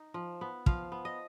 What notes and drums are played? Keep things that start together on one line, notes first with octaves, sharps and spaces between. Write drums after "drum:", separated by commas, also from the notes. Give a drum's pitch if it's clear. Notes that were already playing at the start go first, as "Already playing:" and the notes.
Already playing: D#4
F3
B3
F3 F5, drum: kick
B3
D#5